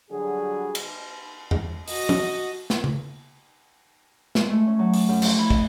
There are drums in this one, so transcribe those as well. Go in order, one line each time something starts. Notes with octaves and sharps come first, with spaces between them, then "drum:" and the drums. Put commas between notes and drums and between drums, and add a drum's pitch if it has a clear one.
D3 F#3 G3 F#4 G#4
drum: cymbal
drum: tom
F#4 D#5, drum: open hi-hat
drum: tom
drum: snare
drum: tom C#3
G#3, drum: snare
A3
C#4
F#3
D6, drum: open hi-hat
F#2
F3, drum: cymbal
E4
D#5, drum: kick